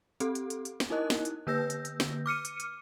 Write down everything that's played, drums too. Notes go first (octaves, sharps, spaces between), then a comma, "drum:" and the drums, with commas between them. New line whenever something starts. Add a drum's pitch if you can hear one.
C4 G4 A4, drum: hi-hat
drum: hi-hat
drum: hi-hat
drum: hi-hat
drum: snare
D#4 E4 A#4 D#5 F#6
drum: snare
drum: hi-hat
D3 A#3 B4 E6 G6 A#6
drum: hi-hat
drum: hi-hat
drum: snare
D6 F6 C#7 D#7
drum: hi-hat
drum: hi-hat